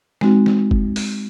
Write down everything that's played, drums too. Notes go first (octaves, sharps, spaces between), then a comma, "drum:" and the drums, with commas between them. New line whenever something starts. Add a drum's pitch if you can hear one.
G#3 C4 D#4 F#4, drum: snare
drum: snare
drum: kick
drum: open hi-hat